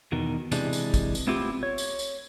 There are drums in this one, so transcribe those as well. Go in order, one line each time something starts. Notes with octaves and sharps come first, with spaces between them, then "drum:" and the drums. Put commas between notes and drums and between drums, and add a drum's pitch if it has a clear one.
E2 B2 D#3
C3 E3 G#3 D4, drum: tambourine
drum: tambourine
drum: kick, tambourine
drum: tambourine
A3 B3 C4 E4 F4 G4
C#5
drum: tambourine
drum: tambourine